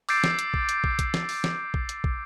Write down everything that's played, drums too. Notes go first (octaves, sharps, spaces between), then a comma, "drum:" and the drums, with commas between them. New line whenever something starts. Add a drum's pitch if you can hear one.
D6 E6 G6 A6 C7 D7, drum: open hi-hat
drum: snare
drum: hi-hat
drum: kick
drum: hi-hat
drum: kick
drum: kick, hi-hat
drum: snare
drum: open hi-hat
drum: snare
drum: kick
drum: hi-hat
drum: kick